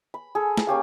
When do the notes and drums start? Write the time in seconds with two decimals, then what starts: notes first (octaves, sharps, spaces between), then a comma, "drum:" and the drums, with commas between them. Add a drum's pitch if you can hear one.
0.14 B5
0.35 G#4 A4
0.57 drum: snare
0.67 A#3 C#4 G4 F5